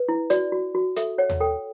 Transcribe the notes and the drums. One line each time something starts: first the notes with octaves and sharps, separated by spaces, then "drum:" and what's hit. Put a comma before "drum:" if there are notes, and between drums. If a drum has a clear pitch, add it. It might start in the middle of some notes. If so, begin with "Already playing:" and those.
Already playing: B4
E4
F#4 D5, drum: hi-hat
F#4
F#4
A4 E5, drum: hi-hat
C#5 F#5
drum: tom D#2
A4 G5